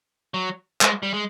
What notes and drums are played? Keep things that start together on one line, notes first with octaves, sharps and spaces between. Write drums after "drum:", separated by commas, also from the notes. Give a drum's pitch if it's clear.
F#3
G#3, drum: clap
G3
G#3